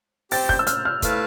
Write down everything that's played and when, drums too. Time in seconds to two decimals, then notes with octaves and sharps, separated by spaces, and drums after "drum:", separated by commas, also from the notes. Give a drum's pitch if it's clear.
0.31 C4 G4 C5 G5 A6, drum: open hi-hat
0.49 G6, drum: kick
0.59 E6
0.67 F6, drum: hi-hat
0.85 F6
1.02 A3 E4 B4 F5 A5, drum: kick, hi-hat